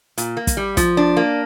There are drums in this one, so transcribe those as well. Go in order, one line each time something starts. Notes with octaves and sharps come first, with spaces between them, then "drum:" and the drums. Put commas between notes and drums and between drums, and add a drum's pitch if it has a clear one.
A#2, drum: hi-hat
A#3
drum: kick, hi-hat
G3
F3, drum: kick, hi-hat
D4
A#3